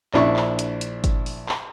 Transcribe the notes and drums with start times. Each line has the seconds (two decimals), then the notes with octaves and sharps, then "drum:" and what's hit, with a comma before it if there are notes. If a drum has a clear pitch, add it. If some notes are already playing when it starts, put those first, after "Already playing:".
0.14 A#1 D4 E4 C#6, drum: clap
0.36 drum: clap
0.59 drum: hi-hat
0.81 drum: hi-hat
1.04 drum: kick G1, hi-hat
1.26 drum: open hi-hat
1.49 drum: clap